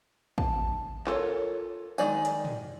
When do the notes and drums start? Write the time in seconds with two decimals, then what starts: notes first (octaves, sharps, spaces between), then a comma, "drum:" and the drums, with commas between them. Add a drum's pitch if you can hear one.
0.38 A5, drum: kick
1.07 F4 A4 A#4 C#5, drum: clap
1.98 D#3 G#3 A#3 D5 G#5, drum: tambourine
2.25 drum: hi-hat
2.45 drum: tom